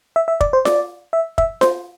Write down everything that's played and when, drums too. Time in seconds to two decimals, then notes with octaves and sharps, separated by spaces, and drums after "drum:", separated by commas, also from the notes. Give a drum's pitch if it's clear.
0.16 E5
0.28 E5
0.41 D5, drum: kick
0.53 C5
0.65 D5, drum: snare F4
1.13 E5
1.38 E5, drum: kick
1.61 C5, drum: snare F4